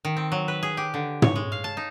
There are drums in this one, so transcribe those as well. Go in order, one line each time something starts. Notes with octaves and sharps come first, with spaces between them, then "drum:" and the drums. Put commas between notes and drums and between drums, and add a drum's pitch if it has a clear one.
D#3
C4
F#3
B4
G#4
G4
D3
C#5, drum: tom
G#3
F5
A5
D#4